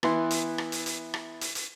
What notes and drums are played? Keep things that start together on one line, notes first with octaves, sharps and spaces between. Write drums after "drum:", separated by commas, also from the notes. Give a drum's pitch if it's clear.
E3 B3 E4 C6, drum: rim click
drum: hi-hat
drum: rim click
drum: hi-hat
drum: hi-hat
drum: rim click
drum: hi-hat
drum: hi-hat